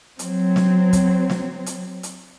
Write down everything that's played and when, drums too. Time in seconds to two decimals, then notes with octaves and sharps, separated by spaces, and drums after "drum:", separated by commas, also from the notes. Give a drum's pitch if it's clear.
0.19 F#3 C4, drum: hi-hat
0.56 drum: snare
0.93 drum: kick, hi-hat
1.30 drum: snare
1.66 drum: hi-hat
2.03 drum: hi-hat